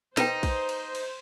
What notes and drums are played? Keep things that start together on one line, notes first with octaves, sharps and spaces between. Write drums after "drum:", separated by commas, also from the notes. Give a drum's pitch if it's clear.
D#4 B4 C5 G5, drum: snare
drum: kick A#1, cymbal
drum: cymbal
drum: cymbal